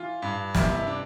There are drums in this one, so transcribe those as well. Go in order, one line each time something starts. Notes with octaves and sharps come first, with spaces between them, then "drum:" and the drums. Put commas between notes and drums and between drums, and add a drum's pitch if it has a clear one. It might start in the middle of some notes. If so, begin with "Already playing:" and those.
Already playing: E3 F4
G2
C3 E4, drum: snare
E4
D4